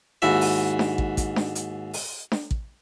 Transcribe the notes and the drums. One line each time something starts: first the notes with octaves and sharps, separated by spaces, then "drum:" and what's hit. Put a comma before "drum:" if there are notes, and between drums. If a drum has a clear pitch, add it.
D#2 G#2 E4 F#4 E5
drum: open hi-hat
drum: snare D4
drum: kick
drum: kick, hi-hat
drum: snare D4
drum: hi-hat
drum: open hi-hat
drum: snare D4
drum: kick